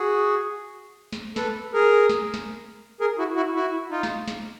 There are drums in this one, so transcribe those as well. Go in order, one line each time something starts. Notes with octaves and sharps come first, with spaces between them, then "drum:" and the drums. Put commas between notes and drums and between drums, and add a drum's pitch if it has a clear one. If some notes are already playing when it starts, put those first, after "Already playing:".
Already playing: F#4 G#4
drum: snare
A4 B4, drum: snare
G#4 A#4
drum: snare
drum: snare
G#4 A#4
E4 F#4
E4 F#4
E4 F#4
D#4 F4
drum: snare
drum: snare